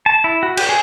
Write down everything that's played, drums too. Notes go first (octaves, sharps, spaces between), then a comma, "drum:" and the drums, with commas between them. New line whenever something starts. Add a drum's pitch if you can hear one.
A5
E4
F#4
G4, drum: cymbal
G#4